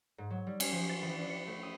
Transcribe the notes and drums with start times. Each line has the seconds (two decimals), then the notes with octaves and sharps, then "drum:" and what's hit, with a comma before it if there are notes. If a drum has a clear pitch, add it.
0.18 G#2
0.30 F#3
0.47 G3
0.60 G#5, drum: cymbal
0.72 F3
0.89 A6
1.02 E3
1.16 D4
1.30 C#7
1.47 A3
1.63 D#6